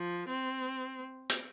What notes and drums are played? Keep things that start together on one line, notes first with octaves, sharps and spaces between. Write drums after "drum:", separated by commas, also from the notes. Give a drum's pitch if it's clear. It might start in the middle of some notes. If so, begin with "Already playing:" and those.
Already playing: F3
C4
drum: hi-hat